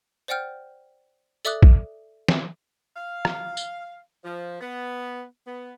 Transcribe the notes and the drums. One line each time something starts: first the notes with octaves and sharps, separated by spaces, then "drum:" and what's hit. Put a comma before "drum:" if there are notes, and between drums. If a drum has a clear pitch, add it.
C5 D5 F#5 G5 F6 G6
A4 D5 E5 D6 D#6 F#6, drum: tambourine
drum: kick
drum: snare
F5
drum: rim click
drum: tambourine
F3
B3
B3